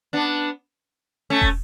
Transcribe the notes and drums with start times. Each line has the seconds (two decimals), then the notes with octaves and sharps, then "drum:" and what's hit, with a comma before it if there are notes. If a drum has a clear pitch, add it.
0.13 B3 D4
1.30 A3 C#4
1.42 drum: kick